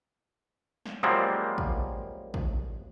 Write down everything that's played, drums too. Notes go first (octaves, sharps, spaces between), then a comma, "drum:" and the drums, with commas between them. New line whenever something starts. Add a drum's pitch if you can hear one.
drum: snare
F#2 F3 G3 G#3 A#3 C4
drum: kick
drum: kick